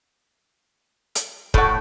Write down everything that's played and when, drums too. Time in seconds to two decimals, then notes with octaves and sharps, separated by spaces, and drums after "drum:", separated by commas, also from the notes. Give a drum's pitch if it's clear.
1.15 drum: hi-hat
1.54 A2 F#4 A4, drum: kick